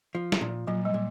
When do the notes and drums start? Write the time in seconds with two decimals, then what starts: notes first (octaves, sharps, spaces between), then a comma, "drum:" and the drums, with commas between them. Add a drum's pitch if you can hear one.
0.15 F3
0.32 drum: snare
0.41 A#2
0.67 A#2 F#3
0.85 G3
0.94 A#2